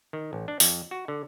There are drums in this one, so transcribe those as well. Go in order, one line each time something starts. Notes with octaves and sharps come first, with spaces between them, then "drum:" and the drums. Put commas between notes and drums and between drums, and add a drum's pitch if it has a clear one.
D#3
A1
D4
F2, drum: open hi-hat
F#4
D3